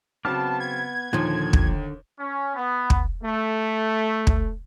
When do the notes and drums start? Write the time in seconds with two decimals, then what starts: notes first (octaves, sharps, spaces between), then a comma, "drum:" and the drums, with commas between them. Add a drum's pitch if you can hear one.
0.25 C#3 F#3 B3 C4 A5 D6 F6
0.60 G#6
1.13 D#2 A#2 D3 F3
1.53 drum: kick
2.19 C#4
2.56 B3
2.90 drum: kick
3.23 A3
4.27 drum: kick